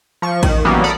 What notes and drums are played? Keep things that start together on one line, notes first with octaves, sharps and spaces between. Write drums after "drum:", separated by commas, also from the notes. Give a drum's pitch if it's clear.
F3 C#6
D#3, drum: kick A1, cymbal
E3 F#3 G3 A#3 B3 C#4
A4 D5 A#5 B5 D#6 F6